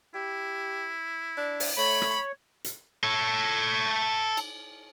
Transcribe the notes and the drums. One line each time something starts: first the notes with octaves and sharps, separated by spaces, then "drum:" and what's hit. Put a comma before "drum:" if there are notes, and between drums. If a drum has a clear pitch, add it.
E4 G4
D4
drum: open hi-hat
A3 C#5 B5
drum: rim click
drum: hi-hat
A4 C#5
drum: cymbal